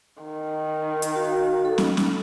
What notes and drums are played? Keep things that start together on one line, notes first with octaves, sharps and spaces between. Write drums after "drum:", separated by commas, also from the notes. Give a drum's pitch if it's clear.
D#3
drum: hi-hat
F#4 F5
A4
drum: snare
drum: snare